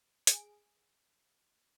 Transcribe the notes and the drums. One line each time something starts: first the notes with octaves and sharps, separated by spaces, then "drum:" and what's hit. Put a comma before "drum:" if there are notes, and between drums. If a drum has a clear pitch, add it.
G#4 D7, drum: hi-hat